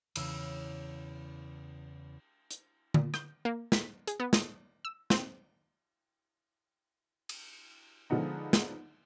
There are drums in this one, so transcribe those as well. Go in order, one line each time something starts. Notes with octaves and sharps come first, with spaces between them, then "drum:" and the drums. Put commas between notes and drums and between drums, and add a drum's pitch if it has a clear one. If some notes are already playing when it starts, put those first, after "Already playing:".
E2 C#3 F5 E6, drum: cymbal
drum: hi-hat
A#2, drum: tom
G6, drum: rim click
A#3
B6, drum: snare
G#4, drum: hi-hat
B3
D#6, drum: snare
E6
C4, drum: snare
drum: cymbal
D3 F3 G#3 B3 D#4
drum: snare